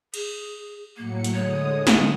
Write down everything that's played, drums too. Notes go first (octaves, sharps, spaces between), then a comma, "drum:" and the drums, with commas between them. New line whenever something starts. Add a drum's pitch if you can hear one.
G#4, drum: cymbal
A2 F#3 A#3 C#7
drum: hi-hat
D3 G#3 C#5 D#6
drum: snare